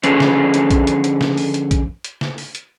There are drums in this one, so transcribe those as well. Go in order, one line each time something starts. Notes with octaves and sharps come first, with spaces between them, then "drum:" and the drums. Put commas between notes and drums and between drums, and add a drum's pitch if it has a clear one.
D3 F3 C#4 G#4 A4 B4, drum: hi-hat
drum: snare
drum: hi-hat
drum: kick, hi-hat
drum: hi-hat
drum: hi-hat
drum: snare
drum: open hi-hat
drum: hi-hat
drum: kick, hi-hat
drum: hi-hat
drum: snare
drum: open hi-hat
drum: hi-hat